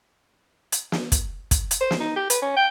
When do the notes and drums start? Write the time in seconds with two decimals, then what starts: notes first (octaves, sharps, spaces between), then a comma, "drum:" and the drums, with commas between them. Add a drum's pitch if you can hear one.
0.72 drum: hi-hat
0.92 drum: snare
1.12 drum: kick, hi-hat
1.51 drum: kick, hi-hat
1.71 drum: hi-hat
1.81 C5
1.91 drum: snare
2.00 D#4
2.16 G4
2.30 B4, drum: hi-hat
2.42 C#4
2.56 G5